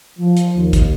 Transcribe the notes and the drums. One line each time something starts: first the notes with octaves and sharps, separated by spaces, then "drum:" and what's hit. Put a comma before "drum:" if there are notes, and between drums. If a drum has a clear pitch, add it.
F3
drum: hi-hat
D#2
drum: kick, hi-hat